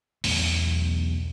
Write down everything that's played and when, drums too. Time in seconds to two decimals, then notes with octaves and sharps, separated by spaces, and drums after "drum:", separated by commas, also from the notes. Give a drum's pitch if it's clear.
0.24 B1 E2 A3, drum: open hi-hat